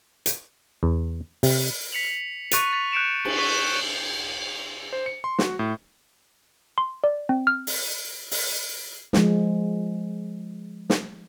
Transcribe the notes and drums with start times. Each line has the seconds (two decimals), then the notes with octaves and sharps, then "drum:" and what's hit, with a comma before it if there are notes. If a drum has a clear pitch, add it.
0.26 drum: hi-hat
0.83 E2
1.43 C3, drum: open hi-hat
1.92 B6 C#7 F7 F#7
2.51 C#6 F#6 A6 D#7 F7, drum: hi-hat
2.73 A6 B6 F7
2.92 F#6 G6 C#7 D7 E7
3.25 drum: cymbal
3.37 C#6 B6 G7
4.93 C5
5.06 C#7
5.24 C6
5.39 F#4, drum: snare
5.59 A2
6.78 C6
7.04 D5
7.29 C4
7.47 F6
7.67 drum: open hi-hat
8.31 drum: open hi-hat
9.13 F3 G#3, drum: snare
10.90 drum: snare